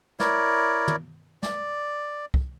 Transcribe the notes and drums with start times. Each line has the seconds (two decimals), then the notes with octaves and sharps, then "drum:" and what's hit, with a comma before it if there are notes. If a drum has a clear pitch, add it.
0.20 E4 A#4 C#5 D5, drum: snare
0.88 drum: tom
1.43 D5, drum: snare
2.34 drum: kick